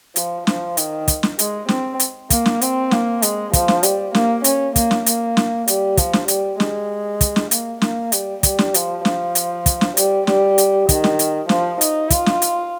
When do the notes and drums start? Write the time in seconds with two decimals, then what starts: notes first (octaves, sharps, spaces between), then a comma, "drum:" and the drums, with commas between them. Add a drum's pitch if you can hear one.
0.16 F3, drum: hi-hat
0.47 F3, drum: snare
0.77 D#3, drum: hi-hat
1.08 drum: kick, hi-hat
1.23 drum: snare
1.39 G#3, drum: hi-hat
1.69 C4, drum: snare
2.00 drum: hi-hat
2.30 A#3, drum: kick, hi-hat
2.46 drum: snare
2.61 C4, drum: hi-hat
2.91 A#3, drum: snare
3.22 G#3, drum: hi-hat
3.53 F3, drum: kick, hi-hat
3.68 drum: snare
3.83 G3, drum: hi-hat
4.15 A#3, drum: snare
4.44 C#4, drum: hi-hat
4.76 A#3, drum: kick, hi-hat
4.91 drum: snare
5.06 A#3, drum: hi-hat
5.37 drum: snare
5.68 G3, drum: hi-hat
5.97 F3, drum: kick, hi-hat
6.13 drum: snare
6.28 G3, drum: hi-hat
6.60 G#3, drum: snare
7.21 drum: kick, hi-hat
7.36 drum: snare
7.51 A#3, drum: hi-hat
7.82 A#3, drum: snare
8.12 G3, drum: hi-hat
8.43 G3, drum: kick, hi-hat
8.59 drum: snare
8.74 F3, drum: hi-hat
9.05 F3, drum: snare
9.35 drum: hi-hat
9.66 drum: kick, hi-hat
9.81 drum: snare
9.97 G3, drum: hi-hat
10.27 G3, drum: snare
10.58 drum: hi-hat
10.89 D#3, drum: kick, hi-hat
11.04 drum: snare
11.19 drum: hi-hat
11.49 F3, drum: snare
11.81 D#4, drum: hi-hat
12.10 F4, drum: kick, hi-hat
12.26 drum: snare
12.42 drum: hi-hat